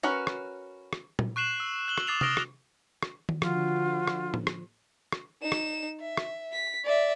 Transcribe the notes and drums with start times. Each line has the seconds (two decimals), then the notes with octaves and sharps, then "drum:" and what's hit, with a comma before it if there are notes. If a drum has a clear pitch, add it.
0.03 C#4 F#4 A#4 B4
0.27 drum: rim click
0.93 drum: rim click
1.19 drum: tom
1.36 C#6 F#6 C7 E7 F#7
1.60 E6
1.88 F#6 F#7 G7
1.98 drum: rim click
2.07 D6 D#6 A6 C7 E7 F7
2.21 D#6 F6 A#6 D7 G7, drum: tom C3
2.37 drum: rim click
3.03 drum: rim click
3.29 drum: tom D#3
3.42 D3 F3 F4 F#4, drum: rim click
4.07 drum: rim click
4.34 drum: tom
4.47 drum: rim click
5.12 drum: rim click
5.42 D#4 E7
5.52 drum: rim click
6.00 E5
6.17 drum: rim click
6.53 B6
6.84 D5 E5